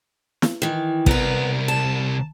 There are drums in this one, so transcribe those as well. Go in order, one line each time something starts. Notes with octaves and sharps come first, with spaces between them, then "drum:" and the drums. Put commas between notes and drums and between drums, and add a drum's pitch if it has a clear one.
drum: snare
D#3 E3
C2 B3 A#4 B4, drum: kick
A5